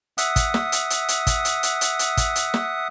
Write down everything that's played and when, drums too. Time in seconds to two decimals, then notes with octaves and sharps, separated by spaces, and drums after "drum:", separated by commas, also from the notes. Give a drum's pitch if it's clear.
0.18 E5 F#5 D#6, drum: hi-hat
0.36 drum: kick, hi-hat
0.54 drum: snare
0.72 drum: hi-hat
0.90 drum: hi-hat
1.08 drum: hi-hat
1.27 drum: kick, hi-hat
1.45 drum: hi-hat
1.63 drum: hi-hat
1.81 drum: hi-hat
1.99 drum: hi-hat
2.17 drum: kick, hi-hat
2.36 drum: hi-hat
2.54 drum: snare